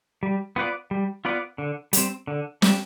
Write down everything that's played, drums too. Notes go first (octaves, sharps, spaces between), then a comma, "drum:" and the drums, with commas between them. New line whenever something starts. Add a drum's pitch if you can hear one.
G3
B3 F4 B4 D5
G3
B3 F4 B4 D5
D3
G3 C4, drum: hi-hat
D3
G3 C4, drum: snare